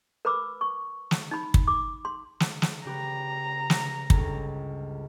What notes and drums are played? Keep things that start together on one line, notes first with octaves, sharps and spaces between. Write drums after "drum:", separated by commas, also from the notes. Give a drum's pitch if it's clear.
A#4 B4 B5 D6 E6
C#6
drum: snare
D#4 B5
drum: kick
D6
C6
drum: snare
drum: snare
C#3 G4 B4 A#5
drum: snare
G1 C#2, drum: kick